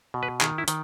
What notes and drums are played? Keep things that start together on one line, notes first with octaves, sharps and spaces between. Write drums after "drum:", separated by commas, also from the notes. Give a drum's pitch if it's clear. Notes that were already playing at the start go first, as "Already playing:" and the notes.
B2
B4
D#3 G#4, drum: clap
E4
D#3, drum: hi-hat